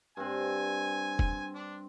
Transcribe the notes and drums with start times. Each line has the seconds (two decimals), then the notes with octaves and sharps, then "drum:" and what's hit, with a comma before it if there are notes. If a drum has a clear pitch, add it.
0.17 G2 C4 G#5
1.19 drum: kick F1
1.54 D4